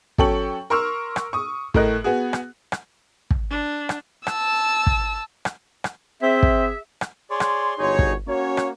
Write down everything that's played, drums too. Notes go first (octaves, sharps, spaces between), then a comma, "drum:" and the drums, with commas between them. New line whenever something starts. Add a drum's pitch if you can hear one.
F#3 C#4 A4 G5 C#6 F#7, drum: kick
A#4 C6 C#6 E6 F6
drum: rim click
C#6 D#6
A2 A3 A#4 D#5 F#6, drum: kick
B3 F#4 G#4
drum: rim click
drum: rim click
drum: kick
D4
drum: rim click
A5 E6, drum: rim click
drum: kick
drum: rim click
drum: rim click
C4 G#4 E5
drum: kick
drum: rim click
G#4 C#5 D5 C6
drum: rim click
G1 D#4 F#4 G#4 C#5
drum: kick
A#3 C#4 F#4 C#5
drum: rim click